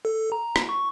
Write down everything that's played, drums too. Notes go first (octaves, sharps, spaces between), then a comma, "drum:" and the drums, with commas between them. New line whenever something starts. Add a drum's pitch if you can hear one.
A4
A#5
drum: rim click
C#6